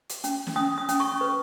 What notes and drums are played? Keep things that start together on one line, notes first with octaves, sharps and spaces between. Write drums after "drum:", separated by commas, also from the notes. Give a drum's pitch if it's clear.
drum: hi-hat
C#4, drum: hi-hat
drum: snare
C#4 D#6
D#6
C#4, drum: hi-hat
C#6
B4